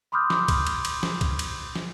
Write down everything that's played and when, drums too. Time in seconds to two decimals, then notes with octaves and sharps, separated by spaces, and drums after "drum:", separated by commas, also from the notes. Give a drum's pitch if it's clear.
0.12 B5 C6 D6 D#6 F6 G6
0.30 drum: snare
0.48 drum: kick C2, cymbal
0.67 drum: cymbal
0.85 drum: cymbal
1.03 drum: snare
1.21 drum: kick C2, cymbal
1.39 drum: cymbal
1.76 drum: snare